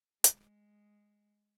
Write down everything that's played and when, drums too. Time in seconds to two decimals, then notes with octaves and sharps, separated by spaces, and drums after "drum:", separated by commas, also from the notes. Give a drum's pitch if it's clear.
0.24 G#3, drum: hi-hat